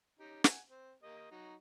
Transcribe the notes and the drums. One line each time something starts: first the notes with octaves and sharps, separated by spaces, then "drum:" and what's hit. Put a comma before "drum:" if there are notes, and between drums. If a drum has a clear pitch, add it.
C#4 D#4 G4
F#5 G#5, drum: snare
C4
A#3 G4 D#5
F#3 D#4 F#4